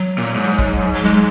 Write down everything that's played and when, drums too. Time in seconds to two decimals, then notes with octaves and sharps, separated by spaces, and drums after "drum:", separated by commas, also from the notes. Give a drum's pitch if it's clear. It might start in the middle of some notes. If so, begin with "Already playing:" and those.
Already playing: F#3
0.18 A#2
0.35 G#2
0.58 drum: kick
0.93 F#3
1.04 G#3